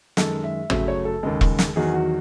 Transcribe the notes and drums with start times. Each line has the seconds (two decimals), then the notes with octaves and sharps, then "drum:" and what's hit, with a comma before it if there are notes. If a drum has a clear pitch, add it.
0.17 F#2 D#3 G#3 A4, drum: snare
0.44 E5
0.70 F#2 C#3 F#3 A3 E5, drum: tom G#1
0.88 C#5
1.05 A4
1.23 D#2 C#3 G#3
1.41 drum: kick E1
1.59 drum: snare
1.76 E2 D#3 F#3 G#4
1.94 F#4